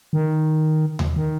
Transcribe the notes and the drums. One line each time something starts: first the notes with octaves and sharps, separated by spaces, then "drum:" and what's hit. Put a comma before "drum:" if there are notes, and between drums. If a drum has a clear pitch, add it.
D#3
drum: tom D#2
D#3